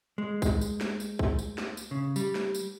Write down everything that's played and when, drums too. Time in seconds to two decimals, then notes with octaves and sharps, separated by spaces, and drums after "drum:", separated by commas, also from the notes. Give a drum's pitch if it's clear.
0.18 G#3
0.42 drum: kick B1, tambourine
0.61 drum: tambourine
0.81 drum: snare
1.00 drum: tambourine
1.19 drum: kick B1
1.39 drum: tambourine
1.58 drum: snare
1.77 drum: tambourine
1.91 C#3
2.16 G3, drum: tambourine
2.35 drum: snare
2.55 drum: tambourine